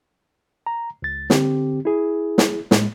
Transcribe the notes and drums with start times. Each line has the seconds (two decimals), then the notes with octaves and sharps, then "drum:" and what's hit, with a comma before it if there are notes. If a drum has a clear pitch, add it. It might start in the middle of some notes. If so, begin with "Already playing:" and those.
0.67 A#5
1.02 C#2 A6
1.30 D3 C4 G4, drum: snare
1.85 E4 G#4
2.38 drum: snare
2.71 A2 G#3, drum: snare